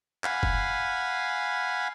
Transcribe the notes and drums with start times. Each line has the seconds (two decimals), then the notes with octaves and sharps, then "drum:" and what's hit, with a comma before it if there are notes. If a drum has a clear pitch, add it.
0.24 F5 F#5 G#5 B5, drum: clap
0.43 drum: kick